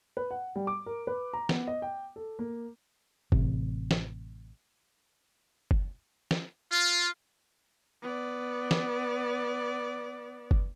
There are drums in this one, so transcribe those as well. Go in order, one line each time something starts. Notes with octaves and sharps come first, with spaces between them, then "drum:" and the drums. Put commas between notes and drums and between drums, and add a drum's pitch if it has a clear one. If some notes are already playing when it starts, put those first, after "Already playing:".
B4
F#5
G3
D6
A#4
B4
A#5
B3, drum: snare
D#5
G5
A4
A#3
A1 C3, drum: kick F#1
drum: snare
drum: kick F#1
drum: snare
F4
B3 D5
drum: snare
drum: kick F#1